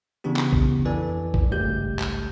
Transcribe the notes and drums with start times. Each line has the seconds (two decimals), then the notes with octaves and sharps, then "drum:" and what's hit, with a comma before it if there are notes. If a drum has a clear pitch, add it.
0.24 C#3 E3 B3 D4 G4
0.36 drum: clap
0.53 drum: kick A#1
0.85 F2 E3 A4 B4 D5 G#5
1.34 drum: kick A#1
1.51 G#1 C#2 G2 A3 G4 G6
1.99 drum: clap